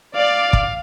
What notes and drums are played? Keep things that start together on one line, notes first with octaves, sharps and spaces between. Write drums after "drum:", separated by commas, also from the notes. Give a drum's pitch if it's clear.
D5 F5
drum: kick